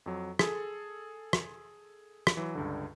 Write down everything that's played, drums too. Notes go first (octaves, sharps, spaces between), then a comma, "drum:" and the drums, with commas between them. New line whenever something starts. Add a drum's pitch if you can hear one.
F2 F#3
G#4 A4, drum: rim click
drum: rim click
drum: rim click
E3 F#3
C#2 G2 D3